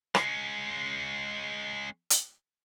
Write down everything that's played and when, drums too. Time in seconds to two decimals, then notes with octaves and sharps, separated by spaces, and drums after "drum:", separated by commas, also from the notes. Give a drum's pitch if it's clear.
0.15 G#3 C#4, drum: rim click
2.10 drum: hi-hat